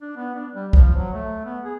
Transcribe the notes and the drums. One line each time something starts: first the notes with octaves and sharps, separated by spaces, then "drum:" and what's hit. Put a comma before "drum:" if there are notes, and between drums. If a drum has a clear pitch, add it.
D4
B3
D4
G3
F3, drum: kick
F#3
A3
B3
G#4